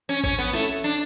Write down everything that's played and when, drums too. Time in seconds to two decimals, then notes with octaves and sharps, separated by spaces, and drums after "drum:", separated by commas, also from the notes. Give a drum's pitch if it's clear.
0.09 C#4
0.24 C#4, drum: kick A1
0.38 B3
0.53 A3, drum: snare
0.84 D4